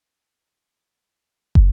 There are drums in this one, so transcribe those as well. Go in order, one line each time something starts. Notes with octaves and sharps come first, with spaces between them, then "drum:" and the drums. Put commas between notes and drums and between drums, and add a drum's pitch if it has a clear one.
E4 G4 C5 F5 G5 E6
drum: kick